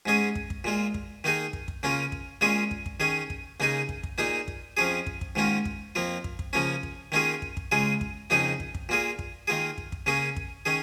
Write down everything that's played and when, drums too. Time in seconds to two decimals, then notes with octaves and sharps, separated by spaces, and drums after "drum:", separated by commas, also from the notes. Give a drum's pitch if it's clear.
0.06 G#2 G#3 C#4 G#4
0.35 drum: kick
0.50 drum: kick
0.64 A#2 G#3 F4
0.94 drum: kick
1.24 D#3 A#3 D#4 G#4
1.53 drum: kick
1.68 drum: kick
1.83 C#3 A#3 C#4 F4
2.12 drum: kick
2.41 A#2 G#3 C#4 F4 G#4
2.71 drum: kick
2.86 drum: kick
3.00 D#3 C#4 G#4
3.30 drum: kick
3.60 C#3 A#3 D#4 G#4
3.89 drum: kick
4.03 drum: kick
4.18 A#2 A#3 D#4 G#4
4.48 drum: kick
4.77 F2 F3 C#4 F4 G#4
5.06 drum: kick
5.21 drum: kick
5.35 G#2 D#3 A#3 C#4 F4
5.65 drum: kick
5.95 F2 F3 A#3 F4
6.24 drum: kick
6.39 drum: kick
6.53 C#3 F3 A#3 C#4
6.83 drum: kick
7.12 D#3 A#3 C#4 F4 G#4
7.42 drum: kick
7.57 drum: kick
7.72 C#3 G#3 F4 G#4
8.01 drum: kick
8.30 F2 C#3 A#3 D#4 G#4
8.60 drum: kick
8.74 drum: kick
8.89 A#2 A#3 F4 G#4
9.19 drum: kick
9.47 D#3 A#3 F4 G#4
9.78 drum: kick
9.92 drum: kick
10.06 C#3 A#3 C#4 G#4
10.36 drum: kick
10.65 D#3 C#4 G#4